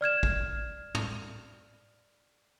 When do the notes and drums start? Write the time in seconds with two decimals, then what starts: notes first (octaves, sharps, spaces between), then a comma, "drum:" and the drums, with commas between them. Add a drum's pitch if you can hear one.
0.01 D5 F6 G#6 E7
0.23 drum: kick
0.95 drum: tom